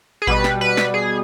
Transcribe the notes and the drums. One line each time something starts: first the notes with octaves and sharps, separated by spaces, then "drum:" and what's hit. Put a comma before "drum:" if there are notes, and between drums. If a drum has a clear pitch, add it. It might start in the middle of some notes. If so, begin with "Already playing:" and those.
G#4
B2 G3 B4, drum: kick A1
drum: snare
B4
drum: snare
G#4